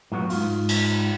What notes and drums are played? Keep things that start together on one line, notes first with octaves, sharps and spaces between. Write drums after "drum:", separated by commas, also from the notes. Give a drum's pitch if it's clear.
A2 F#3 B3 F#4
G#2 F4, drum: open hi-hat
drum: cymbal